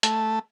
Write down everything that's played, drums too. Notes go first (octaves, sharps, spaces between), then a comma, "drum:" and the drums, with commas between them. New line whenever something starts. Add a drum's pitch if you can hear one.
A3, drum: hi-hat